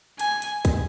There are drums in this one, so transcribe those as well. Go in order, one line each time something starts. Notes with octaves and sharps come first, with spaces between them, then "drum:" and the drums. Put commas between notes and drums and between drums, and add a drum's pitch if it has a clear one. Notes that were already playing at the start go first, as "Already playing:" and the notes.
G#5, drum: hi-hat
drum: hi-hat
drum: kick, hi-hat